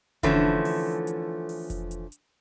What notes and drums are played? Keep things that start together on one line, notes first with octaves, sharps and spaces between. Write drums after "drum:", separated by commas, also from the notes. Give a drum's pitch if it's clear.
D3 E3 F3 A3 C#4, drum: kick F1, hi-hat
drum: open hi-hat
drum: hi-hat
drum: open hi-hat
drum: kick F1, hi-hat
drum: hi-hat
drum: hi-hat